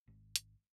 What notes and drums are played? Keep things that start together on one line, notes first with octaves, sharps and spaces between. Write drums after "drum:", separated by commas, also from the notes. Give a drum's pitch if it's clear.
G#1
drum: hi-hat